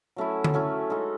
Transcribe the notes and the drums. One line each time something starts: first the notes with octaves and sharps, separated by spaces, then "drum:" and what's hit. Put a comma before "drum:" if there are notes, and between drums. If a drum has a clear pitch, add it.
F#3 A3 C#4 E4
drum: tom D3
F#3 A3 C#4 E4
G#3 D#4 F#4 A4